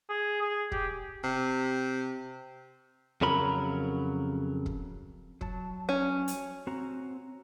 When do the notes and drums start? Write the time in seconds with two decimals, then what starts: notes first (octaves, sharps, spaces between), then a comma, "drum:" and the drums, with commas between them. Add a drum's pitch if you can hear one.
0.09 G#4
0.41 G#4
0.72 G4, drum: kick
1.24 C3
3.21 F2 C#3 F#3 A#4 B5
4.66 drum: kick
5.41 F#3 A5, drum: kick
5.89 C#4
6.28 drum: hi-hat
6.67 C4 F#4 A#5